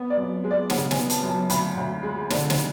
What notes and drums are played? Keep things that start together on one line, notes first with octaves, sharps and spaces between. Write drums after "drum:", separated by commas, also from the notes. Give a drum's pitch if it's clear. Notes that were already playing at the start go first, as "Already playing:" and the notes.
Already playing: B3
D5
F#2
G#3
D5
C#3 F#5, drum: snare
G#5, drum: snare
B3
A5, drum: hi-hat
F#2
A5
D2 B5, drum: hi-hat
D2
G#3
D3, drum: snare
drum: snare